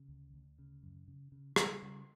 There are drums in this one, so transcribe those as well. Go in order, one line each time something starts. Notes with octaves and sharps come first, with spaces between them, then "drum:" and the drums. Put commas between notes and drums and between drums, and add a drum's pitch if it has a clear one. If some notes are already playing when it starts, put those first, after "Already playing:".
Already playing: C#3
D2
D2
C#3
F#2
C#3
C#3
C#3 G3, drum: rim click
C#3